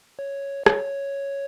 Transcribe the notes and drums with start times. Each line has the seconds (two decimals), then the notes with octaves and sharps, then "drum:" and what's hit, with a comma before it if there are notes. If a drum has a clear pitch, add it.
0.19 C#5
0.66 C#5, drum: rim click